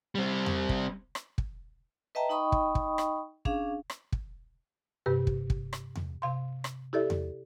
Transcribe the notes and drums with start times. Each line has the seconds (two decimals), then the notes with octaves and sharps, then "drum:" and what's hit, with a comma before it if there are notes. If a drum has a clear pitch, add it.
0.15 G3 C4
0.46 drum: tom E2
0.69 drum: kick
1.15 drum: rim click
1.38 drum: kick
2.15 B4 D#5 E5 G5 A5 A#5
2.29 D#4 D#5 G5 B5 C#6 D#6
2.52 drum: kick
2.75 drum: kick
2.98 drum: rim click
3.45 C#4 D4 G#4 F5, drum: kick
3.90 drum: rim click
4.12 drum: kick
5.06 G2 C3 G4 B4
5.27 drum: kick
5.50 drum: kick
5.73 drum: rim click
5.95 drum: tom E2
6.22 C3 F5 C6
6.64 drum: rim click
6.93 E4 G4 A4 D5 E5
7.10 drum: tom E2